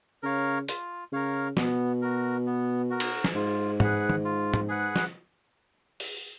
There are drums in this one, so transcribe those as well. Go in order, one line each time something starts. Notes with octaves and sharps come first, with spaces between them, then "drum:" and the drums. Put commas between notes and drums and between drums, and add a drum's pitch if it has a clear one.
C#3 A#4 C#5 F5
F4, drum: hi-hat
C#3 A#4 C#5 F5
B2 B3, drum: snare
F#4 A#4
B3
F#4 A#4
drum: cymbal
drum: snare
G#2 F4
G#4 B4 F#5, drum: tom G#2
drum: tom D#3
F4
drum: tom
G#4 B4 F#5
drum: snare
drum: open hi-hat